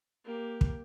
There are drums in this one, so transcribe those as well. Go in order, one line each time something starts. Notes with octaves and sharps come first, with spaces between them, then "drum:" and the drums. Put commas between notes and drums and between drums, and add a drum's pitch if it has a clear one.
A#3 G4
drum: kick